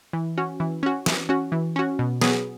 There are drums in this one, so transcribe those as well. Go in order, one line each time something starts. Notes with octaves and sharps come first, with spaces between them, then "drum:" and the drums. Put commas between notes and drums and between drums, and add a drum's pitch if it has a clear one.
E3
C#4 F#4
E3
C#4 F#4
E3, drum: snare
C#4 F#4
E3
C#4 F#4
B2
F#3 B3 G#4, drum: snare